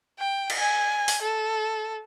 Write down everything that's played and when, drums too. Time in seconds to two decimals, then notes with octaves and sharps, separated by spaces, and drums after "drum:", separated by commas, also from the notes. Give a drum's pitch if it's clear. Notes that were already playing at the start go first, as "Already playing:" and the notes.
0.19 G5
0.50 drum: cymbal
0.59 G#5
1.08 drum: open hi-hat
1.22 A4